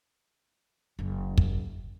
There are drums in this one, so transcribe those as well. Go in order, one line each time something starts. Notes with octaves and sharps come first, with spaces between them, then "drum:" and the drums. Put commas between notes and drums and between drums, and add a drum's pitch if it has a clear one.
F#1 C#3
drum: kick